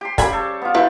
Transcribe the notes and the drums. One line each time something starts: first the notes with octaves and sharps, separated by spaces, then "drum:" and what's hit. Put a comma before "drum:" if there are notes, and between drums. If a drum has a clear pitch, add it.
G4 C6
C#3 G#5 B5, drum: kick, hi-hat
G3 A4 C#5
B3 F4
E4 F4 B4 G5